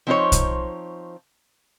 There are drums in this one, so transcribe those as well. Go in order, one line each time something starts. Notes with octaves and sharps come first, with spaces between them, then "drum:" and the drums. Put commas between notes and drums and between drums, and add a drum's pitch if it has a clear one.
F3 C4 D4 D#4 C5 C#5
drum: kick B1, hi-hat